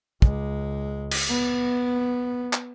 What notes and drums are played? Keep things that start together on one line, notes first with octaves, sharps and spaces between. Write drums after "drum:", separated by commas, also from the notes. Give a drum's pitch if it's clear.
C#2 G#3, drum: kick
drum: cymbal
B3
drum: clap